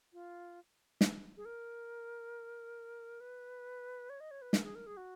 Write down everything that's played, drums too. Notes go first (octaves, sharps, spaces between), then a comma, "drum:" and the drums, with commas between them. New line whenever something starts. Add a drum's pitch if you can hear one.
F4
drum: snare
G#4
A#4
B4
C#5
D#5
C#5
B4
A#4, drum: snare
G#4
A#4
G#4
F#4